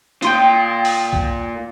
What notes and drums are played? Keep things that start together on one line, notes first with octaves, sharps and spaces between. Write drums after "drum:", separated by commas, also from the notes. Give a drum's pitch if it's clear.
A#2 F4 G5 C6 D#6, drum: hi-hat
drum: open hi-hat
drum: kick B1